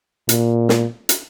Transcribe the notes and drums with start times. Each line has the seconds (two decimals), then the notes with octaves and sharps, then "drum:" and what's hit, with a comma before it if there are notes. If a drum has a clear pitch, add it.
0.29 A#2, drum: hi-hat
0.69 drum: snare
1.09 drum: hi-hat